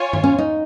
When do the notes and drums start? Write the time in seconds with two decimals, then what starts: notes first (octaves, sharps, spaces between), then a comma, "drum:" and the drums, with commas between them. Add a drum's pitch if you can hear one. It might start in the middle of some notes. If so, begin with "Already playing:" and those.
Already playing: F4 C#5 G#5
0.13 drum: tom
0.24 C#4
0.39 D#4